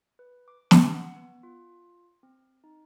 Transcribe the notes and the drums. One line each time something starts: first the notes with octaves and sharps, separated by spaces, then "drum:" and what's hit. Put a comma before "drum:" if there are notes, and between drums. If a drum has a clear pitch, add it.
B4
D6
C6, drum: snare
F#5
B3
F4
C4
D#4